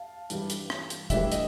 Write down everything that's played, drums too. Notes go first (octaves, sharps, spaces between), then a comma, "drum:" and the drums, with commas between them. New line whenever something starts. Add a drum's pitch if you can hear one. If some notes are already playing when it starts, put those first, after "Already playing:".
Already playing: F5 A5
G2 E3 G3, drum: hi-hat
drum: hi-hat
drum: rim click
drum: hi-hat
G2 E3 A3 D4 G4 E5, drum: kick, hi-hat
D#5, drum: hi-hat